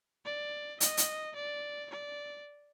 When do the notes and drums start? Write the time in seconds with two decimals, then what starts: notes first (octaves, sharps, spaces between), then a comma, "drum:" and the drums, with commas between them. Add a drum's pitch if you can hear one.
0.25 D5
0.80 D#5, drum: hi-hat
0.97 drum: hi-hat
1.36 D5
1.91 D5